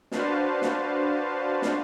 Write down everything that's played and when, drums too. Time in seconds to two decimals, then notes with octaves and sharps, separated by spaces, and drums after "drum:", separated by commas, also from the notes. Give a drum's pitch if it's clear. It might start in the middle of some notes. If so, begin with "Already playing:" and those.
0.11 D4 F#4 B4 C5 F5 A5, drum: snare
0.62 drum: snare
1.62 drum: snare